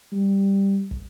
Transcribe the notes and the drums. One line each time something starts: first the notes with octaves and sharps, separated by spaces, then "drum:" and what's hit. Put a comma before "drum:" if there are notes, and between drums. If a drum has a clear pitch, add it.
G3
drum: kick